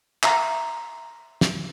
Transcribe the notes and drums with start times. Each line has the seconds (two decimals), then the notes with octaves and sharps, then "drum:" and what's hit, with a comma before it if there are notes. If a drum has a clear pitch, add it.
0.23 E5 A#5 C6, drum: clap
1.41 drum: snare